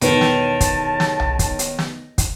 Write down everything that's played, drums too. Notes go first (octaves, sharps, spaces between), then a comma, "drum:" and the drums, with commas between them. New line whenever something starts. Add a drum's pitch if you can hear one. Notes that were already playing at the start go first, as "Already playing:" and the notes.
B1 E2 D#3 B4 C#5 A5, drum: hi-hat
drum: snare
drum: kick, hi-hat
drum: snare
drum: tom B1
drum: kick, hi-hat
drum: hi-hat
drum: snare
drum: kick, hi-hat